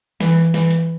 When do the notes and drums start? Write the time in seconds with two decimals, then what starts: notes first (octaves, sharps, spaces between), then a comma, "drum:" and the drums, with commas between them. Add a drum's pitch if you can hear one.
0.20 E3, drum: snare
0.54 E3, drum: snare
0.70 drum: hi-hat